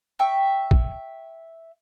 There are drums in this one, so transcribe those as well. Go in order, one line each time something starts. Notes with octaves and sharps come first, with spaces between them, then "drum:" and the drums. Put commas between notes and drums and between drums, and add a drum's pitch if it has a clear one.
E5 G5 C#6
drum: kick A#1